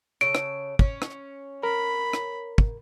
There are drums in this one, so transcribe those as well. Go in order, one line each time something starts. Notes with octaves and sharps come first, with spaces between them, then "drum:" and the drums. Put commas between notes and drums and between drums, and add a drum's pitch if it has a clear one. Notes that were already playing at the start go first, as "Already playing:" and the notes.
C#3 A4 D7
drum: rim click
C#4, drum: kick
drum: rim click
A#4 B5
drum: rim click
drum: kick